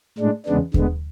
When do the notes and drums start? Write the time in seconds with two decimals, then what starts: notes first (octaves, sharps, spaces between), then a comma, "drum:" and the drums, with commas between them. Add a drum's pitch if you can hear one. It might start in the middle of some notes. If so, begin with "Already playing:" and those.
0.18 A2 G#3 D4
0.46 E2 C#3 G#3 B3 D4
0.74 D3 G#3 B3, drum: kick D#2